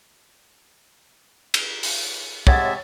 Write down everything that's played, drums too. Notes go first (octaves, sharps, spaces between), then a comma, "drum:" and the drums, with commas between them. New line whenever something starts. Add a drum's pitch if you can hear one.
drum: cymbal
drum: open hi-hat
C3 G#3 C#5 E5 F#5 G5 G#6 A6, drum: kick